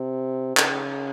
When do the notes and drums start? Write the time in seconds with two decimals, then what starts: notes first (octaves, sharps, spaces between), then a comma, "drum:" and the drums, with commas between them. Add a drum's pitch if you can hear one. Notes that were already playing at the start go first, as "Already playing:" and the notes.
Already playing: C3
0.57 C#3, drum: clap